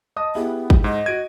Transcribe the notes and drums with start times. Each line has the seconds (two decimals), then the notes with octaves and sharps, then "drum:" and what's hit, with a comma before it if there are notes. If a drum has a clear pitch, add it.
0.16 D#5 A5 D#6
0.35 B3 E4 G4 G#4
0.70 drum: kick
0.84 G#2 D#5
1.06 F#4 G#6 D7 D#7